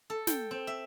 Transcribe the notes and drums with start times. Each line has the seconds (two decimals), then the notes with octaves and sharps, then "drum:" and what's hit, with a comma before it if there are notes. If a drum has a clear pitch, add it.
0.10 A4
0.27 G5, drum: snare
0.51 C4
0.67 E5